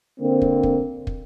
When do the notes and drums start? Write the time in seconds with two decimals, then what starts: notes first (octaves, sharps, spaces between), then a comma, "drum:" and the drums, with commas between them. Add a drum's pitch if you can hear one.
0.20 D3 A#3 C4
0.42 drum: kick
0.63 drum: kick
1.07 drum: kick